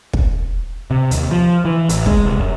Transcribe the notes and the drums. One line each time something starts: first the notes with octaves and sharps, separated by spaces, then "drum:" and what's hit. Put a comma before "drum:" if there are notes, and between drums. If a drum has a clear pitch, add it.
drum: kick
C3
D#2, drum: hi-hat
F3
E3
A1, drum: hi-hat
G#3, drum: kick
C2
F#2